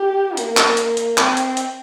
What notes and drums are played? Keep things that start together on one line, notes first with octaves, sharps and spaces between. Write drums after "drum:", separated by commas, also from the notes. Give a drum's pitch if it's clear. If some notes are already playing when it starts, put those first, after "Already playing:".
Already playing: G4
A#3, drum: hi-hat
drum: clap
drum: hi-hat
drum: hi-hat
C4, drum: clap
drum: hi-hat
drum: hi-hat